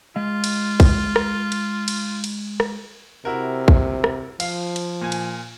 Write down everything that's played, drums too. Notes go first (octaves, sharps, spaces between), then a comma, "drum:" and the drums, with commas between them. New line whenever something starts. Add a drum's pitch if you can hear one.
G#3 F4 D#5 F5
drum: cymbal
drum: kick, cymbal
drum: rim click
drum: cymbal
drum: cymbal
drum: cymbal
drum: rim click
C3 E4 F#4 A#4
drum: kick
drum: rim click
F3 F5, drum: cymbal
drum: cymbal
A#2 G#5
drum: cymbal